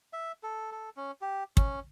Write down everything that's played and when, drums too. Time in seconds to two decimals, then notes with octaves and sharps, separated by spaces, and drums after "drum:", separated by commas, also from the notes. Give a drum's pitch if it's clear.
0.13 E5
0.43 A4
0.72 A4
0.97 C#4
1.21 G4
1.57 C#4, drum: kick